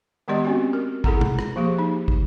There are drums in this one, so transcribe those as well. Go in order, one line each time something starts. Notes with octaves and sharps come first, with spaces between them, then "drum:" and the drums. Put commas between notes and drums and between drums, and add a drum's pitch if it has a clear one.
D#3 G#3 B3 G4 D5 D#5
C4 C#4 F#4
A#4
E4 G#4 A4 F#5 A#5, drum: kick
drum: tom B2
drum: rim click
F3 A#3 G4 G#4
D#4
drum: kick